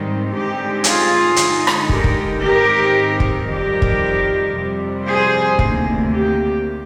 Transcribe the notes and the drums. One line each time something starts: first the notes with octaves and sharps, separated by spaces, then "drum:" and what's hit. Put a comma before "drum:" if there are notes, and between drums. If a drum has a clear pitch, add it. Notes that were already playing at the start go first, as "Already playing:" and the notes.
Already playing: G#2 D#3 G3 C4 D#4
G2 D3 G#3 C4 D#4 G4
F4 G#4, drum: hi-hat
D3 G#3 D#4, drum: hi-hat
drum: rim click
G4 A#4, drum: kick
drum: kick
G#2 D#3 G#3 C4 D#4 G4 A#4
drum: kick
F2 D#3 G3 G4 A#4
drum: kick
F2 C3 G3
G#4 C5
D2 C3 D#3 A#3, drum: kick
G4